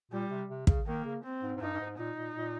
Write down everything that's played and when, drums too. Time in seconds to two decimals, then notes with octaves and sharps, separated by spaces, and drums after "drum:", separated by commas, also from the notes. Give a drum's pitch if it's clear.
0.12 A#2 G3
0.31 C3
0.49 C3
0.67 C#3, drum: kick
0.86 D#3 A#3
1.04 C#3
1.23 C4
1.43 G#2
1.56 G#2
1.61 G2 D#4
1.74 G2
1.80 G#2
1.98 A#2 D#4
2.17 A#2
2.36 A#2